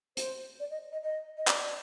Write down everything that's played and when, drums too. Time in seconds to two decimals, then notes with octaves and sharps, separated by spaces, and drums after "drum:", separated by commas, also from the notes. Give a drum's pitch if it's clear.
0.17 C5, drum: hi-hat
0.60 D5
0.71 D#5
0.92 D#5
1.03 D#5
1.37 D#5
1.47 D5, drum: clap